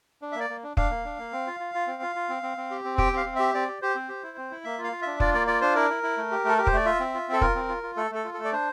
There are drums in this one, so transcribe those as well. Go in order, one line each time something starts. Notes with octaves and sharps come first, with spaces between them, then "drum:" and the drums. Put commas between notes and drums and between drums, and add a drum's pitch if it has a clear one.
D4
E5
A#3 D5
A#3
D4
D4 F5, drum: kick
A#3
D4
A#3
C4
F4
F4
F4
C4
F4
F4
C4
C4
C4
G4
C4
G4 G5, drum: kick
C4
F5
C4
G4 E5
C4 D5
G4
G4 C5
C4
G4
E4
C4
E4
A#3 E5
F4
F5
F4
D4 E5
F4 D5, drum: kick
A#3 D5
F4 D5
D4 C5
E4 A#4
E4
E4
A3
G4
A3 A4
G4 A#4
C5, drum: kick
A3 D5
F4 E5
C4
F4
C4 A4
F4 A#4, drum: kick
C4
F4
F4
A3 A4
A3 A4
F4
A3 A4
D5
D4 C5